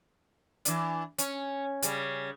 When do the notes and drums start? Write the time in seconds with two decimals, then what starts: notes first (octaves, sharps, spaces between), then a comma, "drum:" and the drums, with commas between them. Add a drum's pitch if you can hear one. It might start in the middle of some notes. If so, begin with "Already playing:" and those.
0.65 E3 D4, drum: hi-hat
1.18 C#4, drum: hi-hat
1.82 C#3 G3, drum: hi-hat